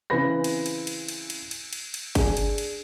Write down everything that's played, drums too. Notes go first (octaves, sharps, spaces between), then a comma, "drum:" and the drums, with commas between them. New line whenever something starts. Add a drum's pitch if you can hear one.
C#3 E3 C4 B4 B5 A#6
drum: cymbal
drum: cymbal
drum: cymbal
drum: cymbal
drum: cymbal
drum: cymbal
drum: cymbal
drum: cymbal
D4 G#4, drum: kick G1, cymbal
drum: cymbal
drum: cymbal